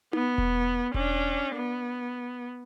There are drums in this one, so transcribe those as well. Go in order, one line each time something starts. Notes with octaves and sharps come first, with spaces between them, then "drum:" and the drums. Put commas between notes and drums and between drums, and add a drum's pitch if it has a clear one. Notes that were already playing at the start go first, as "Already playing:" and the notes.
B3, drum: tom D#4
drum: kick E1
C#4 D4, drum: kick E1
B3